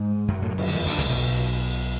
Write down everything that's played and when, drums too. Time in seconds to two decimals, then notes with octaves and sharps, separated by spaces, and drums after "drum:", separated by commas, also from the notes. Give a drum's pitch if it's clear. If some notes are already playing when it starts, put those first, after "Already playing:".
Already playing: G#2 G#3
0.28 F#2 F#3
0.42 A2
0.50 B2
0.58 C#3, drum: cymbal
0.67 D3
0.75 E2 E3
0.86 D2 D3
0.98 C#2 C#3, drum: hi-hat
1.10 B1 B2